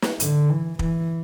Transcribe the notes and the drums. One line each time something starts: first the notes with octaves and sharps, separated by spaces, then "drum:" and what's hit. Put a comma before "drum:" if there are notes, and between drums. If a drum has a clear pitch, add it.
drum: snare
D3, drum: hi-hat
E3
E3, drum: kick